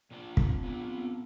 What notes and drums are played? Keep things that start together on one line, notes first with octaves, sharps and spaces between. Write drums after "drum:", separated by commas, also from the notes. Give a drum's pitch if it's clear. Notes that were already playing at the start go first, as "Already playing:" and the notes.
A#2 F3 A#3 D4
C4, drum: kick
A#2 F3 A#3 B3 D4
C4
B3